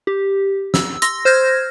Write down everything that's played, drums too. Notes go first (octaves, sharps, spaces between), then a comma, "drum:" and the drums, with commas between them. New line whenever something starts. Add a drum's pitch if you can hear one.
G4
E6, drum: snare
C6 E6 A#6, drum: hi-hat
C5 F6 G6 G#6 A#6